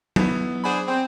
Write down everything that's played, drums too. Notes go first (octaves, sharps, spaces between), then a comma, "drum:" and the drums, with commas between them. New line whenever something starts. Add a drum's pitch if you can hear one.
B3 E4, drum: tom F#3
D4 G#4 C5 F#5 G#5 B5
C4 G5